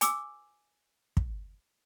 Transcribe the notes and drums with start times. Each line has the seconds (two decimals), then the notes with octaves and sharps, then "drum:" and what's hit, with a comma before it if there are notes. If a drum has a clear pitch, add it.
0.01 G#5 D6 E6, drum: hi-hat
1.17 drum: kick